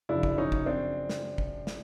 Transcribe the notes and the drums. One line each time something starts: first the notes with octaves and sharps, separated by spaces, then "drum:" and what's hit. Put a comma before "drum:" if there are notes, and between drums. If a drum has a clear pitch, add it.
F#2 C#3 F3 D4 E4
drum: kick
C#4 D#4
drum: kick
C4 D4
drum: snare
drum: kick
drum: snare